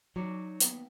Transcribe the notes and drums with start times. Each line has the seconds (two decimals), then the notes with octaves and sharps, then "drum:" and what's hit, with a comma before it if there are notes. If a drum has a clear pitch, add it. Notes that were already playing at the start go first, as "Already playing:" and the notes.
0.16 F#3 D#4 C#5 D5
0.60 D#2 B3 B4, drum: hi-hat